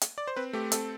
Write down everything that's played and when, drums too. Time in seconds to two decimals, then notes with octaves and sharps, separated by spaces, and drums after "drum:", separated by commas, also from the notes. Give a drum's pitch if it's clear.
0.01 drum: hi-hat
0.18 D5
0.27 C5
0.36 C4 B4
0.53 A3 G4
0.72 C4 A4, drum: hi-hat